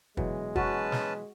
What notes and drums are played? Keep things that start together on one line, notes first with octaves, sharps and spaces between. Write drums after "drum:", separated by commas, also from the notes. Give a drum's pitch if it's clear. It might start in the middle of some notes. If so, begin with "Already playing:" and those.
B2 E3 F#3 G#3, drum: kick
C#4 F#4 B4 A5, drum: kick
drum: snare